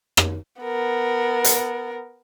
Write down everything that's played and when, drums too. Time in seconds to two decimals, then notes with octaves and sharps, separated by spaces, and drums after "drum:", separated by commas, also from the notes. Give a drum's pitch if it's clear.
0.17 drum: rim click
0.62 B3 A#4
1.44 drum: hi-hat